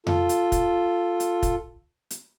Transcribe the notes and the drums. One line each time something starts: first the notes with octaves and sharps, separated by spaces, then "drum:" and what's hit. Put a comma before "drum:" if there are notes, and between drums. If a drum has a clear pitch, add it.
F4 A4, drum: tom F2
drum: hi-hat
drum: kick, hi-hat
drum: hi-hat
drum: kick, hi-hat
drum: hi-hat